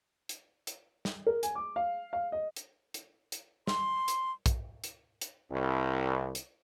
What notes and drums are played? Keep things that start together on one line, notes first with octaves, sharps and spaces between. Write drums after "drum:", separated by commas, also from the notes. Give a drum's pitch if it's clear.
drum: hi-hat
drum: hi-hat
drum: snare
A#4
G#5, drum: hi-hat
D6
F5
F5
D#5
drum: hi-hat
drum: hi-hat
drum: hi-hat
C6, drum: snare
drum: hi-hat
drum: kick, hi-hat
drum: hi-hat
drum: hi-hat
C2
drum: hi-hat